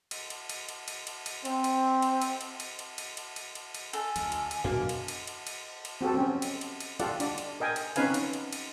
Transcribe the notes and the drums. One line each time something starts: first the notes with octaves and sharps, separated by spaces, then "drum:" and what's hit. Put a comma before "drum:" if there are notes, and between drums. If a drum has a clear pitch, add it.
drum: cymbal
drum: cymbal
drum: cymbal
drum: cymbal
drum: cymbal
drum: cymbal
drum: cymbal
C4, drum: cymbal
drum: cymbal
drum: cymbal
drum: cymbal
drum: cymbal
drum: cymbal
drum: cymbal
drum: cymbal
drum: cymbal
drum: cymbal
drum: cymbal
drum: cymbal
A4 G#5, drum: cymbal
D2, drum: cymbal
drum: cymbal
drum: cymbal
F#2 B2 A#3 D4 F#4
drum: cymbal
drum: cymbal
drum: cymbal
drum: cymbal
drum: cymbal
C4 F#4 G4 A4
C4 C#4
drum: cymbal
drum: cymbal
drum: cymbal
F4 G4 A4 D5 F#5, drum: cymbal
D4 D5, drum: cymbal
drum: cymbal
A#4 D#5 G5 G#5
drum: cymbal
C4 C#4 D#4 B4 F5 G#5, drum: cymbal
drum: cymbal
drum: cymbal
drum: cymbal